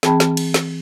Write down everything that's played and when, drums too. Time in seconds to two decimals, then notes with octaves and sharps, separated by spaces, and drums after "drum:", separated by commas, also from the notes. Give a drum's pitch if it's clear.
0.03 E3 C4 G#4 G5 A5 B5, drum: snare
0.20 drum: snare
0.37 drum: cymbal
0.54 drum: snare